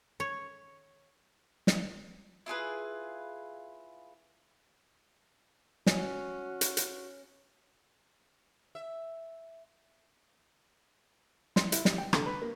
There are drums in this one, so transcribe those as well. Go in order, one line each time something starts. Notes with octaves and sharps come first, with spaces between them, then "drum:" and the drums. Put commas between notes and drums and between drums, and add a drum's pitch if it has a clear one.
C#5
drum: snare
E4 F4 G#4 B4
C#4 F#4, drum: snare
drum: hi-hat
drum: hi-hat
E5
C6, drum: snare
E4, drum: hi-hat
G3, drum: snare
G5
D3, drum: rim click
B4
A#3